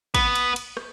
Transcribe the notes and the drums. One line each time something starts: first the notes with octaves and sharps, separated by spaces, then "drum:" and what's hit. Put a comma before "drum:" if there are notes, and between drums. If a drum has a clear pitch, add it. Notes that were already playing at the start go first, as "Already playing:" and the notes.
B3, drum: kick, cymbal
drum: cymbal
drum: cymbal
drum: rim click